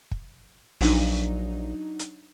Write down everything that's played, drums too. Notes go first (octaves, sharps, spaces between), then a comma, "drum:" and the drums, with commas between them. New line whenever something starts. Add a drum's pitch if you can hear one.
drum: kick
A#1 F#3 D4 D#4, drum: open hi-hat
drum: hi-hat